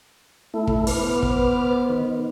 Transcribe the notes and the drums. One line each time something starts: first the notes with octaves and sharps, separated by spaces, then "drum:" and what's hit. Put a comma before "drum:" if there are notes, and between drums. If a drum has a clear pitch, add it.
A3 E4
drum: kick
B3 B4 C5 D6 F6, drum: open hi-hat
drum: kick
D#3